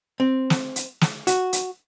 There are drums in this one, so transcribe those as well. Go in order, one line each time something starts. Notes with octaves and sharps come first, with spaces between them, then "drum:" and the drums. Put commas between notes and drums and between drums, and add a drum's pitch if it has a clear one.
C4
drum: snare
drum: hi-hat
drum: snare
F#4, drum: hi-hat
drum: hi-hat